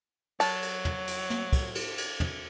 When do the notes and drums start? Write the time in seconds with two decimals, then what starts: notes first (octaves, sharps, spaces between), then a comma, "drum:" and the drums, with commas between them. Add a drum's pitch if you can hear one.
0.40 F#3 A5, drum: cymbal
0.63 drum: cymbal
0.85 drum: tom
1.08 drum: cymbal
1.30 drum: snare
1.53 drum: kick, cymbal
1.75 drum: cymbal
1.98 drum: cymbal
2.20 drum: tom